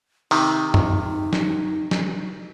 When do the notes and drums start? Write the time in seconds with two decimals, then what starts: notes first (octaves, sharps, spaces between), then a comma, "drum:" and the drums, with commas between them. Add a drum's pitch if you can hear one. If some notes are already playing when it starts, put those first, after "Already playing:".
0.31 C3 D#3 D#4, drum: open hi-hat
0.74 drum: tom F#2
1.33 drum: snare
1.91 drum: snare